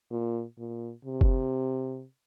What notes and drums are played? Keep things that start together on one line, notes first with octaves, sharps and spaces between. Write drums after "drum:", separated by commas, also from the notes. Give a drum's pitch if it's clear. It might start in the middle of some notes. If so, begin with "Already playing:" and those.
A#2
A#2
C3
drum: kick F#1